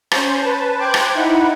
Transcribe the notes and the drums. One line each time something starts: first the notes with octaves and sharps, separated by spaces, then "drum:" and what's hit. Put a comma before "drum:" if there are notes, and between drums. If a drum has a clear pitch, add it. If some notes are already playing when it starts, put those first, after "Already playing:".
C#4 C5, drum: rim click
B4 A5
C5 G5 D6 F#6 G#6 D7
drum: rim click
D#4 E4 F#5 B5